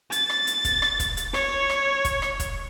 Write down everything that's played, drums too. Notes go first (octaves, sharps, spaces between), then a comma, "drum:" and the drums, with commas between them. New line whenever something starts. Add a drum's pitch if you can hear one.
A6, drum: hi-hat
drum: rim click
drum: hi-hat
drum: kick, hi-hat
drum: rim click
drum: kick, hi-hat
drum: hi-hat
C#5, drum: rim click
drum: rim click
drum: kick, hi-hat
drum: rim click
drum: kick, hi-hat